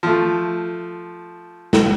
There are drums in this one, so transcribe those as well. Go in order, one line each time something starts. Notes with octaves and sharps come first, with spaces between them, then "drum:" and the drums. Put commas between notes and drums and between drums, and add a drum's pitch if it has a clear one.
F3 A3
drum: snare